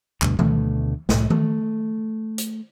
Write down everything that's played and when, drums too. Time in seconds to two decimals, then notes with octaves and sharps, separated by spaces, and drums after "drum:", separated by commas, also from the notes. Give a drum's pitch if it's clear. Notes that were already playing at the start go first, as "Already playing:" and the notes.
0.22 D2 G2 B2, drum: clap
0.39 D2 B2 A3, drum: tom D#3
1.09 C2 A2, drum: snare
1.30 A3, drum: tom D#3
2.38 drum: hi-hat